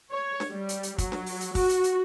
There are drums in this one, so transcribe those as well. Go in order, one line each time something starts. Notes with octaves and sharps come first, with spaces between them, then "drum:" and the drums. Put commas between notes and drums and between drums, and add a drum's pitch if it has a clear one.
C#5
drum: snare D4
G3
drum: hi-hat
drum: hi-hat
F#3, drum: kick, hi-hat
drum: snare D4
drum: open hi-hat
drum: hi-hat
F#4, drum: kick, open hi-hat
drum: hi-hat
drum: hi-hat